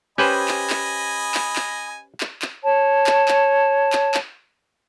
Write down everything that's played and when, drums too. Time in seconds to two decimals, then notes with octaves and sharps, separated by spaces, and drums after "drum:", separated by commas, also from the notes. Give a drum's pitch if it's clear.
0.18 C#4 G4 B4 C5 D#5 G#5 B5
0.48 drum: clap
0.70 drum: clap
1.34 drum: clap
1.56 drum: clap
2.21 drum: clap
2.42 drum: clap
2.64 C#5 A5
3.07 drum: clap
3.28 drum: clap
3.93 drum: clap
4.14 drum: clap